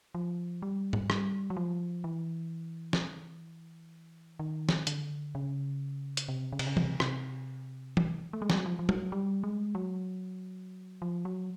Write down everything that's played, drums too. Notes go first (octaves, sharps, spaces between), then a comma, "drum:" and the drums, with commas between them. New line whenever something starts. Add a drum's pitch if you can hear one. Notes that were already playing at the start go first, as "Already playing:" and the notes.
F3
G3
drum: tom G#2
G3, drum: rim click
F#3
F3
E3
drum: snare
D#3
drum: snare
D3, drum: hi-hat
C#3
drum: hi-hat
C3
C#3
C3, drum: cymbal
C#3
C3, drum: tom E3
C3, drum: rim click
drum: tom E3
A3
G#3
G3, drum: snare
F#3
F3
F3
F#3, drum: tom F#3
G3
G#3
F#3
F3
F#3